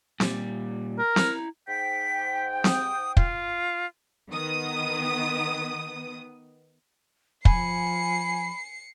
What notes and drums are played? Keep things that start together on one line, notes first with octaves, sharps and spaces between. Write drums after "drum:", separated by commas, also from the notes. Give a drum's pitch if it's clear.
A#2 G3, drum: snare C4
A#4
E4 A#5, drum: snare C4
G#2 G5 B6
D#6, drum: snare C4
F4, drum: kick
D#3 B3 D#6
F3 G#5 B5 C7 C#7, drum: kick